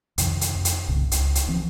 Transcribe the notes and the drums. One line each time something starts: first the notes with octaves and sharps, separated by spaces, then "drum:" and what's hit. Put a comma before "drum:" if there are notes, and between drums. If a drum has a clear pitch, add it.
F2 C3 D#3, drum: hi-hat
drum: hi-hat
F2
drum: hi-hat
C2 G2 A#2 C#3
C#2, drum: hi-hat
drum: hi-hat
D2 E3 F3 C4